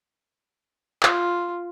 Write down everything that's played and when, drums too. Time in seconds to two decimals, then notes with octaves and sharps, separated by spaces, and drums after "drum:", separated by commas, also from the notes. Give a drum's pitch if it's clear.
1.03 F4, drum: clap